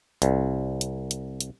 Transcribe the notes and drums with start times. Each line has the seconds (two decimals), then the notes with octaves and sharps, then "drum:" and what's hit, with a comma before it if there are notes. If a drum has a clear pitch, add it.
0.22 C2, drum: hi-hat
0.81 drum: hi-hat
1.11 drum: hi-hat
1.40 drum: hi-hat